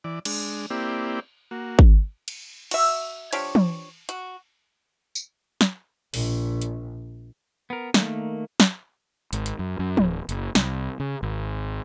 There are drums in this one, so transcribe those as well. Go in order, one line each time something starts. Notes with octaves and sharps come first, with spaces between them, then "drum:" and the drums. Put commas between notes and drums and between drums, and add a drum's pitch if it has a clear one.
E3 D5
G#3 D4, drum: cymbal
A#3 C4 E4 G4 D5
A#3 F#4
drum: kick G#1
drum: cymbal
F#4 E5, drum: cymbal
F3 D4 G4 C#5, drum: cymbal
drum: tom
F#4, drum: hi-hat
drum: tambourine
drum: snare
A#1, drum: open hi-hat
drum: hi-hat
B3 A#4
D#3 A3 A#3, drum: snare
drum: snare
G#1, drum: hi-hat
drum: hi-hat
F#2
F#2
D1, drum: tom
F#1, drum: hi-hat
C2, drum: snare
C#3
G#1